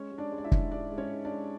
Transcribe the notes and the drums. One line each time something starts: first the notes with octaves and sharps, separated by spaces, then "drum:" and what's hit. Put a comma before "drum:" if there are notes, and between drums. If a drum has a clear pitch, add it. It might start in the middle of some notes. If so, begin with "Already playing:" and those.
Already playing: G#3 C#4 C#5
G#3
D4 D5
G#3
D5
E4 E5
G#2, drum: kick
G#2 D4 D5
G#3
C#4 C#5
G#2
D4 D5
G#3